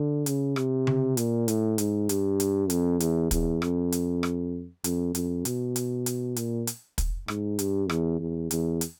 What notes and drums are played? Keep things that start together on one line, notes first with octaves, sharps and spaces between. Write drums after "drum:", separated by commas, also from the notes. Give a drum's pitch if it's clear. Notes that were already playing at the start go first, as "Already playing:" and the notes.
Already playing: D3
C#3, drum: hi-hat
C3, drum: rim click
drum: tom C#3
A#2, drum: hi-hat
A2, drum: hi-hat
G#2, drum: hi-hat
G2, drum: hi-hat
drum: hi-hat
F2, drum: hi-hat
E2, drum: hi-hat
E2, drum: kick, hi-hat
F2, drum: rim click
drum: hi-hat
drum: rim click
F2, drum: hi-hat
F2, drum: hi-hat
B2, drum: hi-hat
drum: hi-hat
drum: hi-hat
A#2, drum: hi-hat
drum: hi-hat
drum: kick, hi-hat
G#2, drum: rim click
G2, drum: hi-hat
E2, drum: rim click
E2
E2, drum: hi-hat
drum: hi-hat